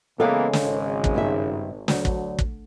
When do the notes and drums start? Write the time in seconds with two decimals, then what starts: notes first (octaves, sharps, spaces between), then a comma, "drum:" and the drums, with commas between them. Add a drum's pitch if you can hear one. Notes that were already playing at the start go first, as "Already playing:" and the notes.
0.20 C#3 E3 G#3 A#3 B3 A4 C#5 F5
0.53 drum: snare
0.63 G#1
1.04 drum: kick
1.14 G2 D#4 E5
1.88 D2 D3 F#3, drum: snare
2.05 drum: kick
2.39 drum: kick